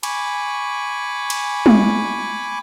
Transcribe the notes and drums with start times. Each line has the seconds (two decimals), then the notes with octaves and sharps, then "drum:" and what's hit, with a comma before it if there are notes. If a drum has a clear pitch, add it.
0.03 G#5 B5 C#6 D6, drum: cymbal
1.30 drum: cymbal
1.66 drum: tom